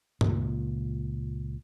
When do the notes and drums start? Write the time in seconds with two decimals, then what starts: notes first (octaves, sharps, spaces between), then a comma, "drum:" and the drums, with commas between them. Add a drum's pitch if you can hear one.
0.21 C#2 A#2, drum: tom G2